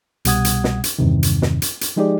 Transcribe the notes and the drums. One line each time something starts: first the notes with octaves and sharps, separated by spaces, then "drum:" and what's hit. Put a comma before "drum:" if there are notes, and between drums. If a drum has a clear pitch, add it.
C2 B2 G3 F#5 D#6 G#6, drum: hi-hat
drum: hi-hat
drum: snare
drum: hi-hat
E2 G2 C3 D#3
drum: hi-hat
drum: snare
drum: hi-hat
drum: hi-hat
F3 G#3 D#4 G4 G#4 D5